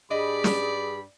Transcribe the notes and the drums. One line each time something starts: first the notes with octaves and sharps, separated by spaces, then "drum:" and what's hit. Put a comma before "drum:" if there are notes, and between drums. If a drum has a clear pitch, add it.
G2 G#4 D5 D#5 B5
drum: snare